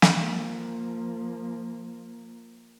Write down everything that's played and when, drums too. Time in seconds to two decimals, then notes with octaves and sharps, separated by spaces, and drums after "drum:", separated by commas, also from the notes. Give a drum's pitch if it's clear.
0.02 drum: snare
0.18 F3 A#3